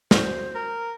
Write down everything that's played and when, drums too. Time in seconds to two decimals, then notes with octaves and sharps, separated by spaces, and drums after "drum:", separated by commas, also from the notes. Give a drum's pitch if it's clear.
0.11 C#4 F#4 C5 D5, drum: snare
0.55 A#4